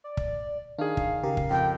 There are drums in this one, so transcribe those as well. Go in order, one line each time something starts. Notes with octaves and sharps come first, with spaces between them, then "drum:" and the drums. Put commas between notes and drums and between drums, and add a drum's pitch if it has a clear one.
D5
drum: kick
D#3 D4 G#4 F5
drum: kick
C#3 G4 A#4
drum: kick
F2 G5